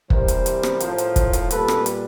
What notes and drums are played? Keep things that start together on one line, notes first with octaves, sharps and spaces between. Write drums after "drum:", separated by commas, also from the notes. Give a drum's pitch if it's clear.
C3 E3 G3 A#4 C5, drum: kick
drum: hi-hat
drum: hi-hat
drum: rim click
A2 F3, drum: hi-hat
drum: hi-hat
drum: kick, hi-hat
drum: hi-hat
A#2 G3 A4 B4, drum: hi-hat
drum: rim click
drum: hi-hat